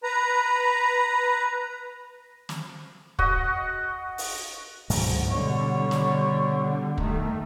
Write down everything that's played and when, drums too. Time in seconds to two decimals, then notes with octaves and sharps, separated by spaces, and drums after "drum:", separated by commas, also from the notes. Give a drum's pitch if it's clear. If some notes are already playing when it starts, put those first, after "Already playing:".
0.04 B4 A#5
2.49 drum: snare
3.19 F#4 D#5 F#5, drum: kick
4.18 drum: open hi-hat
4.90 D2 G#2 B2 F#3, drum: open hi-hat
5.31 B2 D3 G3 C#5
5.91 drum: snare
6.98 D#3 A3, drum: kick